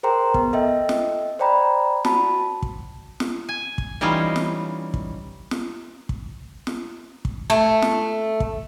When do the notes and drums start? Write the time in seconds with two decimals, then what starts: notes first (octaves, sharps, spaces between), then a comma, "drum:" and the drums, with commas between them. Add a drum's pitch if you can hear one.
0.03 G#4 A#4 C5 G5 A#5 C6
0.34 B3, drum: kick
0.53 A4 D#5 E5 G5
0.89 drum: snare
1.39 C5 D5 G5 A#5 B5
2.05 F#4 A5 B5, drum: snare
2.62 drum: kick
3.20 drum: snare
3.49 G#5
3.78 drum: kick
4.01 E3 G3 C#4 D#4 F4
4.36 drum: snare
4.94 drum: kick
5.51 drum: snare
6.09 drum: kick
6.67 drum: snare
7.25 drum: kick
7.50 A3
7.83 drum: snare
8.40 drum: kick